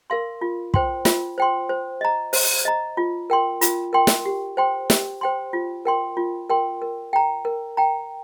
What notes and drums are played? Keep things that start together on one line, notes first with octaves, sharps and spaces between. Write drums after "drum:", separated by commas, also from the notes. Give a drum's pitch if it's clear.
A#4 F5 C6
F4
C5 G5 C6, drum: kick
F4, drum: snare
C5 G5 C6
C5
D#5 A#5
C5, drum: open hi-hat
D#5 A#5
F4
A#4 G5 C6
F4, drum: hi-hat
A#4 G5 C6
drum: snare
G4
C5 G5 C6
G4, drum: snare
C5 G5 C6
F4
A#4 G5 C6
F4
A#4 G5 C6
A#4
G5 A#5
A#4
G5 A#5